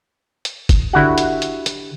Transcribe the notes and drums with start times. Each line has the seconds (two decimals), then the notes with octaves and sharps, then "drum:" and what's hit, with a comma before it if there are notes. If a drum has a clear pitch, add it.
0.45 drum: hi-hat
0.69 drum: kick F#1, hi-hat
0.93 D3 E4 F#4 G4 F#5
1.18 drum: hi-hat
1.42 drum: hi-hat
1.66 drum: hi-hat